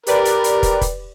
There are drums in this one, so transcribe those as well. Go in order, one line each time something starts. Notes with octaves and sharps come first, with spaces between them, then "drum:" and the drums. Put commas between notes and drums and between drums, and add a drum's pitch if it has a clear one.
G4 A#4 B4 D5, drum: hi-hat
drum: hi-hat
drum: hi-hat
drum: kick, hi-hat
drum: kick, hi-hat